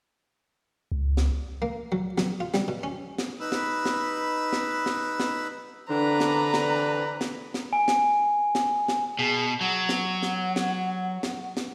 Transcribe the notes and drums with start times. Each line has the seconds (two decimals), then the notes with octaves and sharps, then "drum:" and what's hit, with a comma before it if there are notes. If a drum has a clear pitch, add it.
0.92 C#2
1.17 drum: snare
1.62 A#3
1.92 F#3
2.18 F#3, drum: snare
2.40 F4
2.54 G3, drum: snare
2.68 B2
2.83 C#4
3.18 drum: snare
3.40 D#4 B4 B5 E6
3.52 drum: snare
3.86 drum: snare
4.53 drum: snare
4.86 drum: snare
5.20 drum: snare
5.90 D3 E3 C4 D4 B4 A#5
6.20 drum: snare
6.54 drum: snare
7.21 drum: snare
7.54 drum: snare
7.73 G#5
7.88 drum: snare
8.55 drum: snare
8.88 drum: snare
9.19 B2 G#4
9.61 F#3 F#5
9.89 drum: snare
10.23 drum: snare
10.56 drum: snare
11.23 drum: snare
11.57 drum: snare